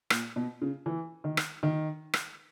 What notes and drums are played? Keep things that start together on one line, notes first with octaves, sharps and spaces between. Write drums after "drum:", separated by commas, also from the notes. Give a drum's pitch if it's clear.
A#2, drum: rim click
B2
C#3
E3
D#3
drum: rim click
D#3
drum: rim click